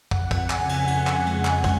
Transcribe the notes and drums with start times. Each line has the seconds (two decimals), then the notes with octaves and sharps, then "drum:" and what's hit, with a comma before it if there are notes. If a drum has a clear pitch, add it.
0.11 F2 F#5, drum: kick
0.31 drum: kick, cymbal
0.50 C#3 G#5, drum: clap
0.69 drum: cymbal
0.87 F2 F#5, drum: cymbal
1.07 drum: clap
1.26 G#3, drum: cymbal
1.45 drum: clap
1.64 drum: kick, cymbal